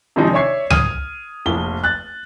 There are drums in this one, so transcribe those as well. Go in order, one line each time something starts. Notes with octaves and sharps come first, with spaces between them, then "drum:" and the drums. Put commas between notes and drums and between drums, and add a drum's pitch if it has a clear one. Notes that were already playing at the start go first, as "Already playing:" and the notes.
C3 D#3 F3 G#3 D4 D#4
C#5 D5 E5 C#6 G#6 C7
D#6 F6 G#6 D#7, drum: tom C#2
F1 A#1 G7
F#6 A6